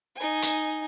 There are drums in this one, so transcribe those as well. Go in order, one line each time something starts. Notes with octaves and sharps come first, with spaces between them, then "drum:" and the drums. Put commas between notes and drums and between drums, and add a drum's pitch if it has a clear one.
D#4 G#5
drum: hi-hat